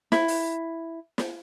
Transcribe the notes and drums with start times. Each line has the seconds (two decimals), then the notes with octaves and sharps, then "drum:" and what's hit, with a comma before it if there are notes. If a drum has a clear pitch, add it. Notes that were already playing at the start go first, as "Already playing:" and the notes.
0.12 E4, drum: snare
0.28 drum: open hi-hat
1.18 drum: snare